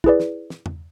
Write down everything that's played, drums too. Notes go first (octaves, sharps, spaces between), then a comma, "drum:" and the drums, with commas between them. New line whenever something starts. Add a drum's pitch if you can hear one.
E4 G#4 B4 D5, drum: kick
drum: snare
drum: snare
drum: tom E2